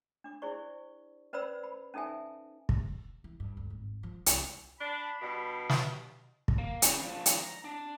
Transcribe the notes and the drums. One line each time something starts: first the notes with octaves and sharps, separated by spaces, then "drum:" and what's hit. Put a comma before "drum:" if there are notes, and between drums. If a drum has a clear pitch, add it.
D4 D6
E4 G#4 C5 D5 C#6
C#4 B4 C5 D5 B5 E6
B5
C#4 D#4 A4 E5 G#5
drum: kick
E3
G2
D2
G#1
F3
C2, drum: hi-hat
D4 B5
G2 B2
drum: snare
drum: kick
A#3
C#3, drum: hi-hat
F3 D4
drum: hi-hat
A#5
D4